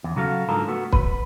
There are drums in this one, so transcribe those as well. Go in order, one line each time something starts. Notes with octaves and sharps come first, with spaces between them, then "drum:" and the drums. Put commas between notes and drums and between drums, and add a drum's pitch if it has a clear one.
E2
C#3 F#3 F#4 A4 F5
G#2 D3 F3 A4 A#4
A3 B3 F#4
B4, drum: kick